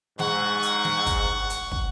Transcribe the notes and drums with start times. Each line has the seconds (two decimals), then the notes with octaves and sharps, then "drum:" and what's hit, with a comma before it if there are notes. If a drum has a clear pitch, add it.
0.19 G#2 F#5 C#6, drum: snare
0.63 drum: hi-hat
0.84 drum: snare
1.06 drum: kick, hi-hat
1.50 drum: hi-hat
1.72 drum: kick